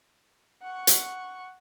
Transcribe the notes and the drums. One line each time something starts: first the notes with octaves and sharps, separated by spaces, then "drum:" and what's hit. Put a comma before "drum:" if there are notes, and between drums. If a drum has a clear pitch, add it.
F#5 C#6
drum: hi-hat